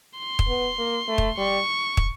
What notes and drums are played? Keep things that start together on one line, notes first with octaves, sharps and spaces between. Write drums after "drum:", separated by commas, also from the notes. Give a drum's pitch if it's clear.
C6
drum: kick
B3
A#3
A3
drum: kick
G3 C#6
drum: kick